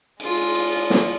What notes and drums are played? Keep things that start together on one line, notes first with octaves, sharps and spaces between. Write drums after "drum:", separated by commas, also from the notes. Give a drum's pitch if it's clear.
G#3 F4, drum: cymbal
drum: cymbal
drum: cymbal
drum: cymbal
drum: snare